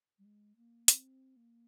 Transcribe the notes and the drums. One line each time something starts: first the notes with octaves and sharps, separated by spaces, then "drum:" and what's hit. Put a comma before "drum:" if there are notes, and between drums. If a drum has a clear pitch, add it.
G3
G#3
A#3
C4, drum: hi-hat
A#3